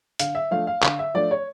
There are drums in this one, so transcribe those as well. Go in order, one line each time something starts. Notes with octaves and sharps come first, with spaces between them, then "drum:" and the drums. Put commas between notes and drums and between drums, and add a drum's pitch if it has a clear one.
D3 F5, drum: hi-hat
E5
F3 A3 D4 F5
F5
D3 F5, drum: clap
E5
F3 A3 D4 D5
C#5